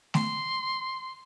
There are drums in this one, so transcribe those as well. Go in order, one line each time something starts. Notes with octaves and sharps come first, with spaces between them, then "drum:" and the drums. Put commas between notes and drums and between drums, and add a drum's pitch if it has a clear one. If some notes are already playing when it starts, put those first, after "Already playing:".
C6, drum: snare A3